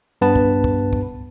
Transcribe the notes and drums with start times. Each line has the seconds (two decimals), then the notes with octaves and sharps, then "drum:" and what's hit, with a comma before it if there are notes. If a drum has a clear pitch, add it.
0.21 G2 B3 B4 A5
0.36 drum: kick
0.64 drum: kick
0.93 drum: kick